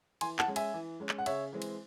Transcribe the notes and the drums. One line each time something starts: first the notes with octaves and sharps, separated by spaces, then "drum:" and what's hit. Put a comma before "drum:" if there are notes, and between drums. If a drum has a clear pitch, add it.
E3 G#5 C6, drum: cymbal
F#5 A5, drum: clap
G#3 C#4
E5 G#5, drum: cymbal
E3
G#3 C#4
drum: clap
F#5
C#3 C#5 E5, drum: cymbal
E3 G#3 C4
drum: cymbal